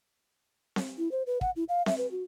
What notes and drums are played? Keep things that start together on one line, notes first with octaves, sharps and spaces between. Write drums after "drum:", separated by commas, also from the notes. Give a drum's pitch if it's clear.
drum: snare C4
E4
C5
B4
F#5, drum: kick
E4
F5
E5, drum: snare C4
B4
F#4